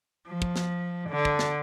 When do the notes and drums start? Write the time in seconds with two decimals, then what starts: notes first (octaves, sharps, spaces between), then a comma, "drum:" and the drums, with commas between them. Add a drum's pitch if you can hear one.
0.28 F3
0.42 drum: kick
0.56 drum: snare
1.11 D3
1.25 drum: kick
1.39 drum: snare